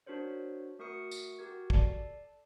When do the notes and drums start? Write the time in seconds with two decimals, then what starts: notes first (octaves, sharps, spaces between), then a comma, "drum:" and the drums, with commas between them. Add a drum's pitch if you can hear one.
0.06 D4 F#4 A#4 C5 C#5
0.79 A3 F#4 A#4 C#6 D#6 C#7
1.11 drum: tambourine
1.39 F#4 G4 A#4 G#6
1.70 A4 D5 A5 C7, drum: kick